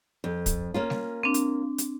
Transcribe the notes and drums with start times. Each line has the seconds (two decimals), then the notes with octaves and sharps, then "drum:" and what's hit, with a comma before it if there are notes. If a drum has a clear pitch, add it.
0.24 F2
0.46 drum: kick, hi-hat
0.74 A#3 C#4 F4
0.90 drum: snare G3
1.23 C4 D4
1.34 drum: hi-hat
1.78 drum: hi-hat